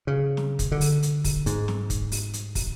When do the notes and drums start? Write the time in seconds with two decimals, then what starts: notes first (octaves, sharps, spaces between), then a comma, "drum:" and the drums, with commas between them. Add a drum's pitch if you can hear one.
0.07 C#3
0.37 drum: snare
0.59 drum: kick, hi-hat
0.72 D3
0.81 drum: open hi-hat
1.03 drum: hi-hat
1.24 drum: kick, open hi-hat
1.46 G#2, drum: hi-hat
1.68 drum: snare
1.90 drum: kick, hi-hat
2.12 drum: open hi-hat
2.33 drum: hi-hat
2.55 drum: kick, open hi-hat